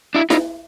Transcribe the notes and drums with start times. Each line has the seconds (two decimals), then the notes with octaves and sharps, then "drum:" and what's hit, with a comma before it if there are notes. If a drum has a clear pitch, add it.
0.15 D4 E4
0.30 D#4 F4, drum: snare E4